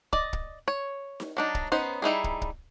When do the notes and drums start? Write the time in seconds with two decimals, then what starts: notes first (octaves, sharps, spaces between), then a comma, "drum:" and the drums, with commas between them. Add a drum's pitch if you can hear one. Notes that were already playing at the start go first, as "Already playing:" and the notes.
0.13 D5 D#5, drum: kick
0.33 drum: kick
0.68 C#5
1.20 drum: snare D#4
1.37 F#3 D4 D#4
1.55 drum: kick
1.72 B3 C#4 D#4 C5
2.02 G3 D#4 E4 G#4
2.24 drum: kick
2.42 drum: kick